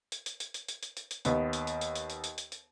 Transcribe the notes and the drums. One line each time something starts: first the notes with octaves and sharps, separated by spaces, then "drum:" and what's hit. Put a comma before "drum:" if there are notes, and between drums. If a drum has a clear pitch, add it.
drum: hi-hat
drum: hi-hat
drum: hi-hat
drum: hi-hat
drum: hi-hat
drum: hi-hat
drum: hi-hat
drum: hi-hat
D#2 B3, drum: hi-hat
drum: hi-hat
drum: hi-hat
drum: hi-hat
drum: hi-hat
drum: hi-hat
drum: hi-hat
drum: hi-hat
drum: hi-hat